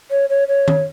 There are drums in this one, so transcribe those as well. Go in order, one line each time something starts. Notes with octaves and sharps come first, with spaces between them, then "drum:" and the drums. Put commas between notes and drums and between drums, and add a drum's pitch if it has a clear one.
C#5
C#5
C#5
drum: tom D#3